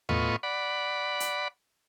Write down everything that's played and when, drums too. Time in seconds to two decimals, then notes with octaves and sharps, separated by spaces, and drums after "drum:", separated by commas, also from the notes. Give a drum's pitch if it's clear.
0.09 A2 B3 F4 D#5 C#6, drum: tom D#2
0.43 D5 F#5 B5
1.20 drum: hi-hat